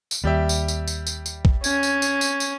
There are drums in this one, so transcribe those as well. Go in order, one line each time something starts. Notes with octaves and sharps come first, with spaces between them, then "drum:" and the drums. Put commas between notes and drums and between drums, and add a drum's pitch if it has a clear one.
drum: tambourine
D#2 G3 G4 E5
drum: tambourine
drum: tambourine
drum: tambourine
drum: tambourine
drum: tambourine
drum: kick A#1
C#4 G#6, drum: tambourine
drum: tambourine
drum: tambourine
drum: tambourine
drum: tambourine